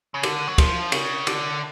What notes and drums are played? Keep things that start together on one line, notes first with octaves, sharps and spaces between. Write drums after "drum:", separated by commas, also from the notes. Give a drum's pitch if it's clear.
C#3
D3, drum: cymbal
F#3
F3, drum: kick, cymbal
C#3, drum: cymbal
D3, drum: cymbal